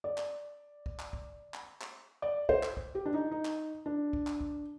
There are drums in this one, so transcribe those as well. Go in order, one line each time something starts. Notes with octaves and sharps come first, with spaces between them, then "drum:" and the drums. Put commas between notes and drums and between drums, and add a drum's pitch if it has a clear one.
D5
drum: clap
drum: kick
drum: clap
drum: kick
drum: clap
drum: clap
D5
C5, drum: kick
drum: clap
drum: kick
G4
D4
D#4
D#4
drum: clap
D4
drum: kick
drum: clap
drum: kick